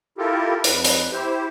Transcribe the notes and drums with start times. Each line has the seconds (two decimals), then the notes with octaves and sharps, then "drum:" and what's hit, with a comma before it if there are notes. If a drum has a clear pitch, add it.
0.18 E4 F4 G4 A4 A#4
0.64 F2 B4, drum: hi-hat
0.84 drum: hi-hat
1.12 E4 G4 C5